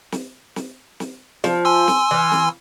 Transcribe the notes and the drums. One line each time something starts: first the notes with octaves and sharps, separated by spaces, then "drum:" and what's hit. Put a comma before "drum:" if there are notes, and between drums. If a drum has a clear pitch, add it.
drum: snare
drum: snare
drum: snare
F3, drum: snare
G#5 C6 E6
drum: snare
E3 F5
drum: snare